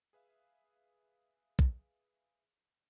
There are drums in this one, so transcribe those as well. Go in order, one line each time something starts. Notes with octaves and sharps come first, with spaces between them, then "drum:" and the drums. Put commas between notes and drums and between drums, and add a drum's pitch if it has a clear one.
G#4 B4 E5 F5
drum: kick